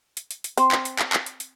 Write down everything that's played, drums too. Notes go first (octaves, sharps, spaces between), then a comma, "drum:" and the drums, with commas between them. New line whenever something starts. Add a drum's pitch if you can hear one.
drum: hi-hat
drum: hi-hat
drum: hi-hat
C4, drum: hi-hat
drum: clap
drum: hi-hat
drum: clap
drum: clap
drum: hi-hat
drum: hi-hat